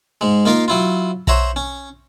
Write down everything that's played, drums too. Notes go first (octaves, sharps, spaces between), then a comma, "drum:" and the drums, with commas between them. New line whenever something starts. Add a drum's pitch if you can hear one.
G#2 G#3
A#3 D#4 F4 A#4 F5
F#3 E4 F4
C5 C#5 E5 F#5 A#5, drum: kick B1
C#4